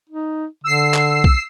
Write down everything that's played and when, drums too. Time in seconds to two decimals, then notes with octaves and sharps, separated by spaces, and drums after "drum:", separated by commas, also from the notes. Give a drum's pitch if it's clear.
0.09 D#4
0.64 D3 E6 C7
0.94 drum: clap
1.24 drum: kick